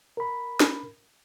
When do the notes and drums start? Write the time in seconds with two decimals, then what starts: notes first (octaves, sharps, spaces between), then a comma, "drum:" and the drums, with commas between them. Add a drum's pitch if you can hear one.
0.17 A#4 B5
0.60 drum: snare